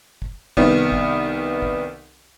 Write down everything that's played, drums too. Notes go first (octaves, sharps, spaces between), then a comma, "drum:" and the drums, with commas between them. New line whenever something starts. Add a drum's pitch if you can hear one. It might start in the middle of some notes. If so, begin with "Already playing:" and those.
drum: kick
C2 D#3 B3, drum: kick
drum: kick
drum: kick